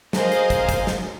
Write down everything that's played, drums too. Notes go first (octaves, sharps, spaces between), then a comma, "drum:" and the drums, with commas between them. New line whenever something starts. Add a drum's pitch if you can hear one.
G#4 A#4 C5 D#5 F5, drum: snare
drum: hi-hat
drum: kick, hi-hat
drum: kick, hi-hat
drum: snare